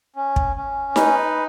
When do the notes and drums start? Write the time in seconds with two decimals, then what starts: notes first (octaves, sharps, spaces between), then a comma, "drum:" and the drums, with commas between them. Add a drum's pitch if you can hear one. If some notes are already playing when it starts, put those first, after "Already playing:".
0.16 C#4
0.36 drum: kick
0.56 C#4
0.96 D#4 B4, drum: snare D#4